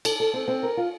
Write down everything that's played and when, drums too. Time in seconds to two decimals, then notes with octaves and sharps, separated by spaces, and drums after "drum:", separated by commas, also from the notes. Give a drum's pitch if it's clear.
0.05 A4, drum: cymbal
0.20 A4
0.33 C4
0.48 C4
0.63 A#4
0.77 F4